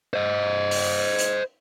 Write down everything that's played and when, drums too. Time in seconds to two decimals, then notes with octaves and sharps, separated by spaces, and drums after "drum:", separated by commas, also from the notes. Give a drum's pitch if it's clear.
0.14 C5 D#5
0.71 drum: open hi-hat
1.18 drum: hi-hat